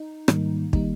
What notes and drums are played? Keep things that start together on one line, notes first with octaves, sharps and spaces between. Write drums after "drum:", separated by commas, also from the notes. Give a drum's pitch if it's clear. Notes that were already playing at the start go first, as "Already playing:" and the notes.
Already playing: D#4
G#2 D#3 G3 A#3, drum: rim click
D#3 G3 A#3 D#4, drum: kick